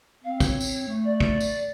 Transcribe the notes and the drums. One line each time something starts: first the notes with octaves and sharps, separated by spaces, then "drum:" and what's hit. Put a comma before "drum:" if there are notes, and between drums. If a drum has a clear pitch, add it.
C4 F5
C#5, drum: kick, tambourine
drum: tambourine
A3
D5
drum: kick
drum: tambourine